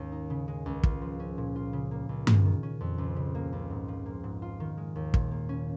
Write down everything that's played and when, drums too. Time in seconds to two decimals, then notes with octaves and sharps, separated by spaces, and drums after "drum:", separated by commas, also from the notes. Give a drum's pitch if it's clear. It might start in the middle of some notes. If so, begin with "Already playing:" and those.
Already playing: D#2 G#2 D#3 G#3 C#4
0.12 D#4
0.30 C#3
0.48 G#3
0.66 C#2
0.83 F4, drum: kick
1.02 F3
1.20 C#4
1.38 A#2
1.56 F4
1.73 C#3
1.91 A#3
2.09 C#2
2.27 G#4, drum: tom G2
2.45 D#3
2.63 C#4
2.81 F2
2.98 C#2
3.16 C#3
3.35 A#3
3.53 C#2
3.70 G#2
3.88 F3
4.06 A#3
4.24 G#2
4.42 F4
4.60 D#3
4.77 G#3
4.96 D#2
5.14 A#2, drum: kick
5.31 A#3
5.49 C#4